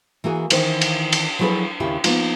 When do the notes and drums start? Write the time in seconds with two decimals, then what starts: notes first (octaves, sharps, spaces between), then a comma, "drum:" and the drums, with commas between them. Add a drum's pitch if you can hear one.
0.24 E3 A#3 F#4 G#4
0.50 D#3 E3 D#4 C5, drum: cymbal
0.81 drum: cymbal
1.12 drum: cymbal
1.39 F3 F#3 E4 G#4 A4 B4
1.80 D#2 C#3 E4 G4
2.04 F3 A#3 B3 D#4 F4, drum: cymbal